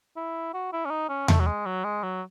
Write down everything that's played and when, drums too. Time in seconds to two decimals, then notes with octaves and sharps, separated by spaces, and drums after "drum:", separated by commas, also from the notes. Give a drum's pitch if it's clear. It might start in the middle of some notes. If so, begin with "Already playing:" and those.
0.17 E4
0.54 F#4
0.73 E4
0.85 C#4
0.90 D#4
1.09 C#4
1.28 A3, drum: tom E2
1.40 F#3
1.46 G#3
1.66 F#3
1.84 G#3
2.03 F#3